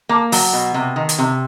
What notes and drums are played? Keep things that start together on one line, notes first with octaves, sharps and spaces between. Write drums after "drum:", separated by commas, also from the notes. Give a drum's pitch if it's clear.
A#3
F#3, drum: open hi-hat
B2
C3
D#3
drum: hi-hat
C3